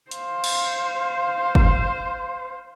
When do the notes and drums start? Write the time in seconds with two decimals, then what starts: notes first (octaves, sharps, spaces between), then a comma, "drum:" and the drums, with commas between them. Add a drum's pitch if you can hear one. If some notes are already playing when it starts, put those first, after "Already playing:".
0.11 C5 F5, drum: hi-hat
0.44 drum: cymbal
1.55 drum: kick